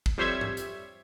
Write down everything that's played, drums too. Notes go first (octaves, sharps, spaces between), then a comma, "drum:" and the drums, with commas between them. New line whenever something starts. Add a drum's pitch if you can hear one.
drum: kick
F2 G3 C5 C#5 E5 G#6
drum: tom G#2
drum: hi-hat